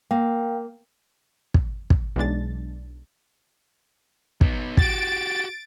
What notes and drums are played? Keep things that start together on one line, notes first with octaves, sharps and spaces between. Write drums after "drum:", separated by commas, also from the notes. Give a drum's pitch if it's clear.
A#3 A#4 F5 G5
drum: kick
drum: kick
B1 E3 G#3 D4 A6
B3 D#4, drum: kick
F#4 G4 A6 D7, drum: kick